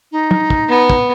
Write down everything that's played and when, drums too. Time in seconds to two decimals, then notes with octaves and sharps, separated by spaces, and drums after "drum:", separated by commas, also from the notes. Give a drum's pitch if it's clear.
0.11 D#4
0.31 drum: tom
0.50 drum: kick
0.69 B3
0.90 drum: kick